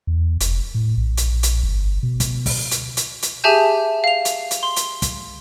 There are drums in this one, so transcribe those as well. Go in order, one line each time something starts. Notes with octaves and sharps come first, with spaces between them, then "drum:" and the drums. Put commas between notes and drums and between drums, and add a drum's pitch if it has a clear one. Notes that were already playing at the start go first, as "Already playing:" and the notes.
E2
F1, drum: hi-hat
A2
A#1
drum: hi-hat
drum: hi-hat
G1
B2
drum: kick, hi-hat
drum: kick, open hi-hat
drum: hi-hat
drum: hi-hat
drum: hi-hat
G4 G#4 E5 G#5 A5 G6
F5 F7
drum: hi-hat
drum: hi-hat
C6
drum: hi-hat
drum: kick, hi-hat